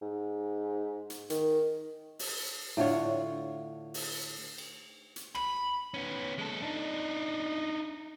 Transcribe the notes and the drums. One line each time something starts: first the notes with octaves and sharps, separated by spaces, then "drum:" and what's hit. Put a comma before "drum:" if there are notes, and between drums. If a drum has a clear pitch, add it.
G#2
drum: hi-hat
D#3, drum: hi-hat
drum: open hi-hat
A2 D3 F4 C#5
drum: open hi-hat
drum: cymbal
drum: hi-hat
B5, drum: rim click
B3 C#4
G#3 A4
D4 D#4